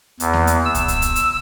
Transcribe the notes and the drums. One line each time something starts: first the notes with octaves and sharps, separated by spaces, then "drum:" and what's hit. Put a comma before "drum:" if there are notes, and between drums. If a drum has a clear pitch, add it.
E2, drum: hi-hat
drum: snare A#3
drum: hi-hat
E6
drum: kick, hi-hat
drum: kick, hi-hat
drum: hi-hat
drum: hi-hat